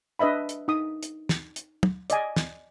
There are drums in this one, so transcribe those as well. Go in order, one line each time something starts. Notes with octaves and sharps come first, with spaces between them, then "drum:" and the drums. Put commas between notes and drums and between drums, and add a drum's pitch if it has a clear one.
D4 B4 D#5 E5 B5
drum: hi-hat
D#4 D#6
drum: hi-hat
drum: snare
drum: hi-hat
drum: tom
D5 D#5 G#5, drum: hi-hat
drum: snare